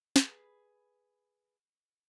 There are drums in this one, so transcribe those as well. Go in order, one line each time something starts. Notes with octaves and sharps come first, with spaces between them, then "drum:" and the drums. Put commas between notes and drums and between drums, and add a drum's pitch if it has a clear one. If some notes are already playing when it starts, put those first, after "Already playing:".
G#4 B4, drum: snare